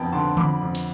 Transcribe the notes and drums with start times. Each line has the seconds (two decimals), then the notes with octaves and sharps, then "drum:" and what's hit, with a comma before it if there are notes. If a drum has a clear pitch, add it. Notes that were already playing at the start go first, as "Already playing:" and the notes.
Already playing: F2 B3 G5 A5 B5
0.12 D3 A5 C6
0.37 F2 B5 D6, drum: tom D3
0.62 F2
0.75 drum: cymbal